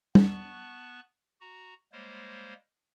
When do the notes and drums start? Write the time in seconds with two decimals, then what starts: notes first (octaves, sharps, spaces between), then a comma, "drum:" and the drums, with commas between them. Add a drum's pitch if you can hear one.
0.15 B3 A5 C#6 F#6, drum: tom
1.41 F#4 A#5
1.92 G3 G#3 A#3 C5 C#5